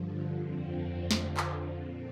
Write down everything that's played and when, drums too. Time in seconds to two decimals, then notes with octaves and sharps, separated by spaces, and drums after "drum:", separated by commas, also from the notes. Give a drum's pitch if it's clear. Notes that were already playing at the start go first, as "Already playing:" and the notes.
Already playing: G2 D3 F3
0.40 F2 D3 F3 C4
1.11 F2 D3 F3, drum: snare
1.37 drum: clap
1.79 A#2 C4